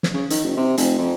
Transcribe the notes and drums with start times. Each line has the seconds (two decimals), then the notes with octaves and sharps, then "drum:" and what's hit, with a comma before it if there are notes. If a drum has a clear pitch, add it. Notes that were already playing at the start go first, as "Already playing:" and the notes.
0.03 drum: snare
0.14 C#3
0.30 D#3, drum: hi-hat
0.44 F#1
0.57 C3
0.78 F1, drum: hi-hat
0.99 F2